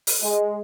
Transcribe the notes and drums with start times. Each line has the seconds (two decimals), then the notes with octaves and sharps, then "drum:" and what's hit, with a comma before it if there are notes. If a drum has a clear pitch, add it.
0.07 drum: open hi-hat
0.21 G#3